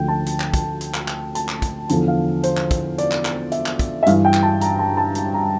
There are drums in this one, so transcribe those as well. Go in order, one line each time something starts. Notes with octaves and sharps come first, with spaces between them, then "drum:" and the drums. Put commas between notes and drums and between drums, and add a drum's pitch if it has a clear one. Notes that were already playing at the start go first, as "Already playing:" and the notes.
Already playing: D2 D3 F3 G5
A5
drum: hi-hat
drum: clap
drum: kick, hi-hat
drum: hi-hat
drum: clap
drum: clap
A5, drum: hi-hat
drum: clap
drum: kick, hi-hat
E2 D3 F3 A5, drum: hi-hat
F5
C5, drum: hi-hat
drum: clap
drum: kick, hi-hat
D5, drum: hi-hat
drum: clap
drum: clap
E5, drum: hi-hat
drum: clap
drum: kick, hi-hat
E5
G2 E3 F5, drum: hi-hat
G5
drum: clap
A5
A#5, drum: hi-hat
A5
A5
A#5, drum: hi-hat
A#5